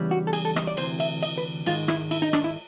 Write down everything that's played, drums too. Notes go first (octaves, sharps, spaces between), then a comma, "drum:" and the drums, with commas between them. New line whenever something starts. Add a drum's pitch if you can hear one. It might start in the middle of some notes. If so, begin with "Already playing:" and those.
Already playing: E2 C#3 E3 G3
F#4
A4
G#4, drum: cymbal
A4
D#5, drum: rim click
D5
D2 C3 E3 C5, drum: cymbal
E5, drum: cymbal
D#5, drum: cymbal
B4
G#2 D#3 G#3 F4, drum: cymbal
E4, drum: rim click
E4, drum: cymbal
D#4
D4, drum: rim click
E4